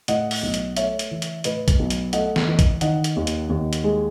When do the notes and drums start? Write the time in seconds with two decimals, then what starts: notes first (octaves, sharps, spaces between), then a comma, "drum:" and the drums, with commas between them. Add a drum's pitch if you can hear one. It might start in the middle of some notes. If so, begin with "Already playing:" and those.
0.08 A2 D#5 F#5, drum: hi-hat
0.31 drum: open hi-hat
0.42 B1
0.54 drum: hi-hat
0.77 A3 C#5 E5, drum: hi-hat
0.99 drum: hi-hat
1.11 E3
1.22 drum: hi-hat
1.44 A2 B4 D#5, drum: hi-hat
1.68 drum: kick, hi-hat
1.79 B1
1.90 drum: hi-hat
2.13 A3 D#5 F#5, drum: hi-hat
2.36 drum: snare
2.47 E3
2.59 drum: kick, hi-hat
2.81 D#3 D#5 F#5, drum: hi-hat
3.04 drum: hi-hat
3.16 D#2
3.27 drum: hi-hat
3.50 D#2
3.73 drum: hi-hat
3.84 G#3